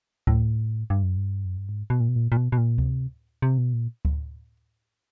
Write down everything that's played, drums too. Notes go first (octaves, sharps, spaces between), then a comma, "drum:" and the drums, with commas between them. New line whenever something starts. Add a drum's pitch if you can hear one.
A2, drum: kick D2
G2
F#2
G2
F#2
G2
G#2
B2
A#2
B2
A#2
A#2
B2
B2
A#2
C3, drum: kick D2
C3
B2
A#2
drum: kick D2